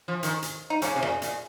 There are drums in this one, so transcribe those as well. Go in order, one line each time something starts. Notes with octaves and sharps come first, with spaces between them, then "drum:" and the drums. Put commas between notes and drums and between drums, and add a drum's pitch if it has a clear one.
F3
D#3, drum: hi-hat
drum: hi-hat
D#4
G#2 A#3 C#4, drum: hi-hat
C3
A#2, drum: rim click
A#2, drum: hi-hat